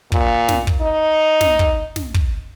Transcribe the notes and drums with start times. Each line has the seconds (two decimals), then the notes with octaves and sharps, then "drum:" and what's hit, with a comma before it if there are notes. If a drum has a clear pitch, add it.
0.12 A#2, drum: kick
0.49 drum: snare
0.67 drum: kick
0.81 D#4
1.41 drum: snare
1.59 drum: kick
1.96 drum: snare
2.14 drum: kick